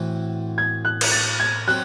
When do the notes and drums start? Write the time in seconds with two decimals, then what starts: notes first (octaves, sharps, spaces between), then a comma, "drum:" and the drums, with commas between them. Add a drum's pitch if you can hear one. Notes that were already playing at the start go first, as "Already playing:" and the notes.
Already playing: A2 E3 C4 F#4
0.58 G#6
0.85 F#6
1.01 drum: cymbal
1.12 A6
1.40 G#6
1.68 F#3 C4 F#6